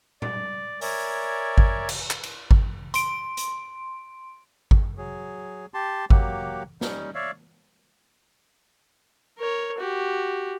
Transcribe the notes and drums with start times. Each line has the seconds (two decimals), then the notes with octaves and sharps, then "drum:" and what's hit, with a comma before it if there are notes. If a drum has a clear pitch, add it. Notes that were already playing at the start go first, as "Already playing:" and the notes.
0.22 D5, drum: tom A#2
0.81 A#4 C#5 D5 E5 G#5, drum: open hi-hat
1.58 drum: kick G#1
1.89 drum: cymbal
2.10 drum: clap
2.23 drum: cymbal
2.51 drum: kick G#1
2.94 C6 D7, drum: hi-hat
3.37 drum: hi-hat
4.71 drum: kick G#1
4.98 F#3 G#4
5.74 G4 A5 C6
6.10 F#3 A#3 G4 F#5, drum: kick G#1
6.81 G3 C#4 D#4, drum: snare
7.15 C#5 D5 E5 F5
9.38 A#4 C#5
9.78 F#4 G4